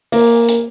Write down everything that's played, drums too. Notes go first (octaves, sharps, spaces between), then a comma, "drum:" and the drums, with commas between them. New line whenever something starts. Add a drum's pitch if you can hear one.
A#3, drum: open hi-hat
drum: hi-hat